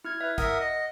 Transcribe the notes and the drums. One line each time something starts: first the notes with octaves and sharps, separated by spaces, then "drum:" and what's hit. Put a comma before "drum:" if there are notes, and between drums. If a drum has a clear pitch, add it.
E4 F6 G#6
B4 E5
A#4 E5 F#5 D#6, drum: kick, hi-hat
D#5